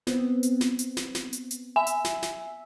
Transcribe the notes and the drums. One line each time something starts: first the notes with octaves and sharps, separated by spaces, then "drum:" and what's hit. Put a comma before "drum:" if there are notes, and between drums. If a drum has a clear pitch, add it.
B3 C4, drum: snare
drum: hi-hat
drum: snare
drum: hi-hat
drum: snare
drum: snare
drum: hi-hat
drum: hi-hat
E5 G#5
drum: hi-hat
drum: snare
drum: snare